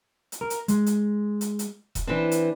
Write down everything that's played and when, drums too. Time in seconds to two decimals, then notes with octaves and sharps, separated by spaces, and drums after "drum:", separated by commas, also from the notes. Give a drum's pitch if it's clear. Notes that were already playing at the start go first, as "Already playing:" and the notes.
0.32 drum: hi-hat
0.41 A#4
0.50 drum: hi-hat
0.68 G#3, drum: hi-hat
0.86 drum: hi-hat
1.41 drum: hi-hat
1.59 drum: hi-hat
1.95 drum: kick E1, hi-hat
2.07 E3 C4 D4
2.31 drum: hi-hat